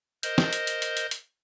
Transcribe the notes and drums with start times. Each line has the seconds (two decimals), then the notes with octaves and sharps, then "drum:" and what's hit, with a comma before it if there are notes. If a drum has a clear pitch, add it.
0.23 A#4 C5 D#5 G6, drum: hi-hat
0.38 drum: snare
0.53 drum: hi-hat
0.67 drum: hi-hat
0.82 drum: hi-hat
0.97 drum: hi-hat
1.11 drum: hi-hat